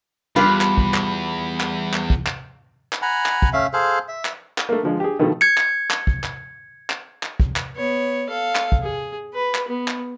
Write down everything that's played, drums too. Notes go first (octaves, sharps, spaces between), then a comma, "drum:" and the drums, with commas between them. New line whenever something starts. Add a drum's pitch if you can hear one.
E2 G3 F4 G4 B4 B5
drum: clap
drum: kick
drum: clap
drum: clap
drum: clap
drum: kick
drum: clap
drum: clap
F#5 G#5 A#5 B5
drum: clap
drum: kick
A3 C#4 E5 F5
G#4 A4 C5 F5
E5
drum: clap
drum: clap
A3 A#3
D3 F3 G#3
G4 G#4
B2 D#3 F3 A3
G#6 C#7
drum: clap
drum: clap
drum: kick
drum: clap
drum: clap
drum: clap
drum: kick
drum: clap
B3 C#5
A4 F5
drum: clap
drum: kick
G#4
B4
drum: clap
B3
drum: clap